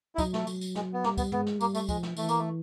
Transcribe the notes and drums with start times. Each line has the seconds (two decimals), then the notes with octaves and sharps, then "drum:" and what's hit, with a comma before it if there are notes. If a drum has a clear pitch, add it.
0.15 E4
0.18 F#3 D#4, drum: kick, tambourine
0.34 A3, drum: snare
0.47 F#3, drum: tambourine
0.61 drum: tambourine
0.75 G#3, drum: snare
0.93 B3
1.04 G3 A#3, drum: snare
1.17 B3, drum: kick, tambourine
1.32 G#3 B3, drum: tom
1.46 drum: snare
1.61 G3 A#3, drum: tambourine
1.75 A3, drum: tambourine
1.89 F3 G#3, drum: kick, tambourine
2.03 drum: snare
2.17 E3 A3, drum: tambourine
2.29 A#3, drum: tambourine
2.39 A3